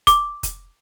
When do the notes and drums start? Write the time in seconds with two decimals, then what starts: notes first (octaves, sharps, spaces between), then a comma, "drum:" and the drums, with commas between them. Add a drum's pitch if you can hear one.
0.07 D6, drum: kick F1, hi-hat
0.43 drum: kick F1, hi-hat